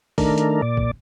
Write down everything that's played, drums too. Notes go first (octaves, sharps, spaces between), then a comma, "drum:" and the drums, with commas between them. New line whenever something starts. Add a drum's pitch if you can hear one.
D#3 A3 D4 A#4, drum: kick, open hi-hat
drum: hi-hat
A#2 D5
drum: kick